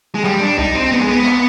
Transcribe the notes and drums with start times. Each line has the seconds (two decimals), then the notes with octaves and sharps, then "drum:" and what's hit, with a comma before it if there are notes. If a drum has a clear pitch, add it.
0.15 G#3
0.24 G3, drum: clap
0.41 D4
0.58 D#4, drum: kick B1
0.75 C4
0.92 B3
1.00 G#3
1.09 B3
1.26 drum: clap